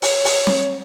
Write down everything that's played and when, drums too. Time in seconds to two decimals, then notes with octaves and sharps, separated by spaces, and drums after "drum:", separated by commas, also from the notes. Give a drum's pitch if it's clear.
0.02 C#5, drum: open hi-hat
0.25 drum: open hi-hat
0.47 drum: snare